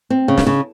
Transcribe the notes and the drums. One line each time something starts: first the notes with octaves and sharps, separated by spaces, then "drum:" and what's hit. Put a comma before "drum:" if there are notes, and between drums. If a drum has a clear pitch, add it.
C4
C#3
drum: snare
C#3